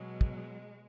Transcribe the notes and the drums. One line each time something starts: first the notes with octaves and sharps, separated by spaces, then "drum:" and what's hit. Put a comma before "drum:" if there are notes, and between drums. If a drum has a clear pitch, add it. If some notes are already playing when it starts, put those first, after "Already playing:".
Already playing: B2 F#3 G#3
drum: kick